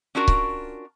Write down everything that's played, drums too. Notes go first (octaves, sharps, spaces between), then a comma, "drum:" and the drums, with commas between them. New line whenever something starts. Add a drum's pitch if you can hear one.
C#4 D4 F4 F#4 A#4
drum: kick C#1